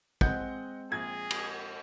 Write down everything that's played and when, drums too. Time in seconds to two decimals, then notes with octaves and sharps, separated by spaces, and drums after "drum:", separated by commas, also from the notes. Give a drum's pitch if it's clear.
0.21 G#3 C4 D#5 F#5 G6, drum: kick
0.92 A#1 G#4 G#6
1.30 drum: cymbal